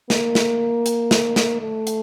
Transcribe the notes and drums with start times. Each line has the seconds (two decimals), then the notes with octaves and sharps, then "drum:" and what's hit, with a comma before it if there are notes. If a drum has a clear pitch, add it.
0.10 A#3, drum: snare
0.35 drum: snare
0.86 drum: hi-hat
1.11 drum: snare
1.36 drum: snare
1.61 A3
1.87 drum: hi-hat